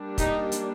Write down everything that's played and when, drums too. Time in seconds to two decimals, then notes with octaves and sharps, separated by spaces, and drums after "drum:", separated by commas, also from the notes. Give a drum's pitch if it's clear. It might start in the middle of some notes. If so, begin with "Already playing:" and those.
Already playing: G3 A#3 D4
0.18 D#4 G4, drum: kick, hi-hat
0.52 drum: hi-hat